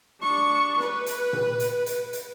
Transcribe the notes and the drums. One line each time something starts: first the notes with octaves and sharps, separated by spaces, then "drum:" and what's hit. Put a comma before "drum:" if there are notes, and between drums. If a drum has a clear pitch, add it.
D4 C#6
B4, drum: snare
drum: hi-hat
drum: tom A#2
drum: hi-hat
drum: hi-hat
drum: hi-hat